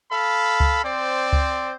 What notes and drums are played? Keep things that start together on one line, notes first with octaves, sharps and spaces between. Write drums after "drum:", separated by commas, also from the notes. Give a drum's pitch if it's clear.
A4 F5 B5
drum: kick C#2
C4 C5 D5
drum: kick C#2